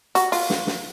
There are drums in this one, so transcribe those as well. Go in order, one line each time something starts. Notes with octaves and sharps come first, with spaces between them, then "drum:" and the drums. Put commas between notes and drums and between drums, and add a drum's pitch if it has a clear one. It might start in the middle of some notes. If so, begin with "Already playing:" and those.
F#4, drum: hi-hat
F4, drum: open hi-hat
drum: snare
drum: snare